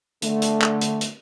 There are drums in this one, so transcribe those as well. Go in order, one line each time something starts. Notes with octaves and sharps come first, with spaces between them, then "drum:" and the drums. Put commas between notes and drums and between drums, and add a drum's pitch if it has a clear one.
D3 A3, drum: hi-hat
drum: hi-hat
drum: clap
drum: hi-hat
drum: hi-hat